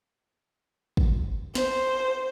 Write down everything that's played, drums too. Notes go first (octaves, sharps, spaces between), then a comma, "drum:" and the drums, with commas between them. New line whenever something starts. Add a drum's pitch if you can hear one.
drum: kick
C5, drum: snare